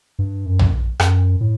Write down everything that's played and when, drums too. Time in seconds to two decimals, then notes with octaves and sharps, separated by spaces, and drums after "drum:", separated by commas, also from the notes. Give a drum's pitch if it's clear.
0.19 G2
0.46 F#2
0.59 drum: tom A#1
1.00 F#2, drum: rim click
1.41 A2